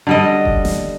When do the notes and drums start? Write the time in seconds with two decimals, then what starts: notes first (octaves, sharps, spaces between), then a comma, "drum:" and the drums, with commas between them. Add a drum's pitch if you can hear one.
0.07 D3 G3 D#5
0.45 drum: kick F1
0.65 drum: snare